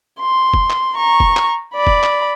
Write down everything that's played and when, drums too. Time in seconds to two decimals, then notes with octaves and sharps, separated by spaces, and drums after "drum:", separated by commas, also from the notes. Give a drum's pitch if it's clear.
0.20 C6
0.54 drum: kick F1
0.70 drum: clap
0.96 A#5 C#6
1.20 drum: kick F1
1.37 drum: clap
1.75 D5 B5
1.87 drum: kick F1
2.03 drum: clap